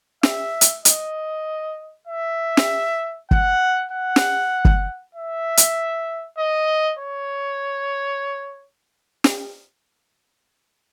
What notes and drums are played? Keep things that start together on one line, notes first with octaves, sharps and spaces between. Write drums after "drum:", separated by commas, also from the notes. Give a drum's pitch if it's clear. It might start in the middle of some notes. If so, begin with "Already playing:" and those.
E5, drum: snare
drum: hi-hat
D#5, drum: hi-hat
E5
drum: snare
F#5, drum: kick
F#5
drum: snare
drum: kick
E5
drum: hi-hat
D#5
C#5
drum: snare